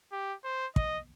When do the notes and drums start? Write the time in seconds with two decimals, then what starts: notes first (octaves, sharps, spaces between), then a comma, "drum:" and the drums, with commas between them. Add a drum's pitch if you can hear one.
0.12 G4
0.44 C5
0.76 D#5, drum: kick